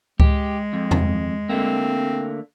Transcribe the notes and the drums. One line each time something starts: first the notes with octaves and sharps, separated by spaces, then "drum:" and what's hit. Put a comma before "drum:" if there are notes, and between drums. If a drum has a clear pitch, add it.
G#3 G4, drum: kick C#2
F2
drum: tom E2
D3 A3 A#3 C4